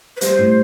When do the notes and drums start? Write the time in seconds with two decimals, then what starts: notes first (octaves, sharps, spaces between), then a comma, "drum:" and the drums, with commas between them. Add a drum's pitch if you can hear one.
0.17 B4
0.21 G3 C5, drum: hi-hat
0.39 A2